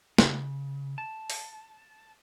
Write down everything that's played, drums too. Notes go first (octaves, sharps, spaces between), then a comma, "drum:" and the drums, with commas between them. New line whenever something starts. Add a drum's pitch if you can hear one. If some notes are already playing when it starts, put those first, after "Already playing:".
C#3, drum: snare
A5
drum: open hi-hat